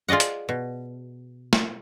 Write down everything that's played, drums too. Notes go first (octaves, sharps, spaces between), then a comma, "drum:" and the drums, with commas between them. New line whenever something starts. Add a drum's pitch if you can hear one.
F4 G#4 D5 D#5 F#5
drum: hi-hat
B2
drum: snare